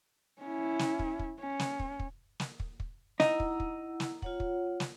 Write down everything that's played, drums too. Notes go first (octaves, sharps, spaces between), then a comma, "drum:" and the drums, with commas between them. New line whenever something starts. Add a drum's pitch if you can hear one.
C#4 E4
drum: snare
drum: kick
drum: kick
C#4
drum: snare
drum: kick
drum: kick
drum: snare
drum: kick
drum: kick
D#4 E4 F#5 E6, drum: snare
drum: kick
drum: kick
drum: snare
F4 C#5 F#5, drum: kick
drum: kick
drum: snare